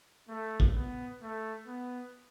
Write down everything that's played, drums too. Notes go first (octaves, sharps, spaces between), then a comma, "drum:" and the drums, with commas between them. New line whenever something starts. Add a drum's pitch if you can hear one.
A3
drum: kick
B3
A3
B3